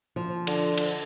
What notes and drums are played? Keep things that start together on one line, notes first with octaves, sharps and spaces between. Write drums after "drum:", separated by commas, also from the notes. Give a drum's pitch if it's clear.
F3
D3, drum: cymbal
drum: cymbal